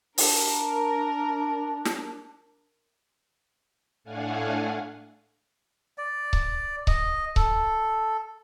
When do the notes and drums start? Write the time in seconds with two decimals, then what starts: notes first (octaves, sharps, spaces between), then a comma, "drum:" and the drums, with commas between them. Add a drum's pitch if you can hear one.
0.18 D4 A#4, drum: open hi-hat
1.85 drum: snare
4.04 A2 A3 D4 F5 F#5 G#5
5.98 D5
6.33 drum: kick C#1
6.87 D#5, drum: kick C#1
7.36 A4, drum: kick C#1